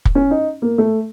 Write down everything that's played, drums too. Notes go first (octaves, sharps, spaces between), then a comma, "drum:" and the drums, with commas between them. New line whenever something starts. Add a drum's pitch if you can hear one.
drum: kick
C#4
D#4
A#3
A3